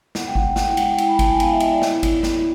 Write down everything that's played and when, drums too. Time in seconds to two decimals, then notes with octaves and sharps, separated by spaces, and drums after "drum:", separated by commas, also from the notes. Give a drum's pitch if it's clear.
0.15 B3 F#5, drum: snare
0.25 G5
0.35 G#3 F#5, drum: kick G#1
0.45 G5
0.56 E4 F#5, drum: snare
0.67 G5
0.77 G#3 F#5, drum: cymbal
0.98 E4 G5, drum: cymbal
1.08 B5
1.19 E4 A5, drum: kick G#1, cymbal
1.29 G#5
1.40 B3 F5, drum: cymbal
1.51 E5
1.60 B3 D#5, drum: cymbal
1.71 D5
1.82 E4 C#5, drum: snare
2.03 E4, drum: kick G#1, cymbal
2.23 B3, drum: snare